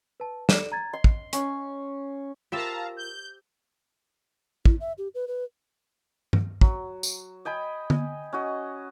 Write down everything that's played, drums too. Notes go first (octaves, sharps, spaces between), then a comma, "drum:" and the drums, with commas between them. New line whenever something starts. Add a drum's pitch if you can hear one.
B4 A5
A4 D5 E7, drum: snare
A#5 G#6 A6
D#5 C6
drum: kick
C#4, drum: hi-hat
F4 G4 A#4 C5 E5 F5 A5 A#5
G6
E4, drum: kick
E5
G4
B4
B4
drum: tom G2
F#3, drum: kick
drum: tambourine
D#5 G5 G#5 B5
drum: tom
C#4 F#4 D#5